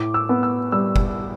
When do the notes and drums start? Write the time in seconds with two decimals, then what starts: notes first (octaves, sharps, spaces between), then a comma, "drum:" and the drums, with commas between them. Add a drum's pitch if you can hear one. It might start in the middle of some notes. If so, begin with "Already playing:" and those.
Already playing: A2 D6
0.14 E6
0.29 B3
0.43 E6
0.72 G3 E6
0.96 drum: kick F#1